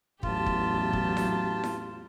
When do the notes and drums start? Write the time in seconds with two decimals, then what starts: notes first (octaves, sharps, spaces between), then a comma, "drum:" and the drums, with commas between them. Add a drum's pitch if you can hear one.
0.23 A1 E2 F#3 F4 G4 A5, drum: kick
0.46 drum: kick
0.93 drum: kick
1.17 drum: snare E4
1.64 drum: snare E4